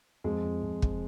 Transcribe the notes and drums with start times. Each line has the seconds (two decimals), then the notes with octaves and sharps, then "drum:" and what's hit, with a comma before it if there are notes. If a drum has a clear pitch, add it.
0.24 F2 G#3
0.44 F2
0.63 F2
0.82 F2, drum: kick